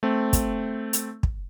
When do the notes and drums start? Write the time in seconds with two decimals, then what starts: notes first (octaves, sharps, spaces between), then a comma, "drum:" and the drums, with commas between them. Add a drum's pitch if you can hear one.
0.03 A3 C4
0.33 drum: kick, hi-hat
0.93 drum: hi-hat
1.23 drum: kick